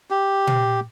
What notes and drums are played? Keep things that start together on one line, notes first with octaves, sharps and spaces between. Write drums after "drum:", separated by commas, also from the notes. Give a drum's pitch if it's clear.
G4
drum: tom